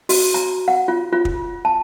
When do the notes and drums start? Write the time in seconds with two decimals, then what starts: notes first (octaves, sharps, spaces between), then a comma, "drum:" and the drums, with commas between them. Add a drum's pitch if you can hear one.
0.09 F#4, drum: open hi-hat
0.34 A#5
0.68 F#5
0.88 F4
1.13 F4
1.25 drum: kick
1.65 A5